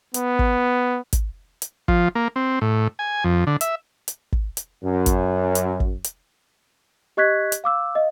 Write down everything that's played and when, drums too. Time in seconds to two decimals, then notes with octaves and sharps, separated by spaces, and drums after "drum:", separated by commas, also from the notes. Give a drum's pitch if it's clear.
0.14 B3, drum: hi-hat
0.39 drum: kick
1.13 drum: kick, hi-hat
1.62 drum: hi-hat
1.88 F3, drum: kick
2.15 A#3
2.36 C4
2.61 A2
2.99 G#5
3.24 F2
3.47 D3
3.61 E5, drum: hi-hat
4.08 drum: hi-hat
4.32 drum: kick
4.57 drum: hi-hat
4.84 F#2
5.06 drum: kick, hi-hat
5.55 drum: hi-hat
5.80 drum: kick
6.05 drum: hi-hat
7.17 G4 D#5 C#6 F#6 G#6 B6
7.52 drum: hi-hat
7.64 F5 D6 E6
7.95 D#5 F5